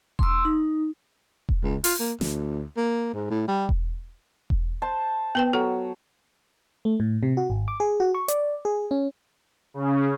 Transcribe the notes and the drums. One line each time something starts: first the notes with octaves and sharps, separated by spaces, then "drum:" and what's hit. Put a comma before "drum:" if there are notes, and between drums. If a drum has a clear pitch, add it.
C6 E6, drum: kick E1
D#4
drum: kick E1
C#2
F4, drum: open hi-hat
A#3
D2, drum: snare
A#3
G#2
A2
G3
drum: kick E1
drum: kick E1
C5 A5
B3 B4 G5
F#3 A4
A3
A2
C3
F#4
G#1
D6
G#4
F#4
C#6
D5, drum: hi-hat
G#4
C#4
C#3